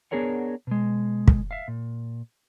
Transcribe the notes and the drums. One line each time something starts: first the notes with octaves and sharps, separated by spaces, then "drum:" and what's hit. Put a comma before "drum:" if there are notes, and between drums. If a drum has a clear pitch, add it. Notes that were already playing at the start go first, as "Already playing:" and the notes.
B3 D4 G#4 A#4 C#5 F#5
B2 G#3
drum: kick
E5 F5
A#2